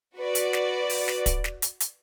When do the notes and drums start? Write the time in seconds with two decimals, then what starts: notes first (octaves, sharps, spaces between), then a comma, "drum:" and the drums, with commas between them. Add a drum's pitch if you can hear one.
0.16 F#4 B4 D5
0.35 drum: hi-hat
0.53 drum: snare
0.90 drum: open hi-hat
1.08 drum: snare
1.26 drum: kick, hi-hat
1.44 drum: snare
1.62 drum: hi-hat
1.80 drum: hi-hat